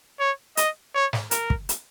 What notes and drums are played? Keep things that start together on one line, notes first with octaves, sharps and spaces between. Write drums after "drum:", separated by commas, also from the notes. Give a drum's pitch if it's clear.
C#5
D#5, drum: hi-hat
C#5
drum: snare
A#4, drum: hi-hat
drum: kick
drum: hi-hat